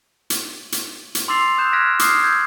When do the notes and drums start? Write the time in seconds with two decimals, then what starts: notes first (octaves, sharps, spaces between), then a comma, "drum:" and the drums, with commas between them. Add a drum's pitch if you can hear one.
0.30 drum: hi-hat
0.72 drum: hi-hat
1.15 drum: hi-hat
1.28 C6 D6 E6 A6 C7 F7
1.58 D#6 E6 F#6 G6 E7
1.73 F6 F#6 G#6 A#6 B6 D7
1.99 D6 D#6 F6 C7, drum: hi-hat
2.24 E6 G6 G#6